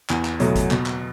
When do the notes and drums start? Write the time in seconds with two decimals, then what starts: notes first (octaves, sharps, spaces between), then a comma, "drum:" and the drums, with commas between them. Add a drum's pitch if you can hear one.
0.10 E2, drum: clap
0.25 drum: clap
0.40 B2 F#3 A3, drum: hi-hat
0.55 drum: kick G#1, hi-hat
0.71 B2, drum: clap
0.86 drum: clap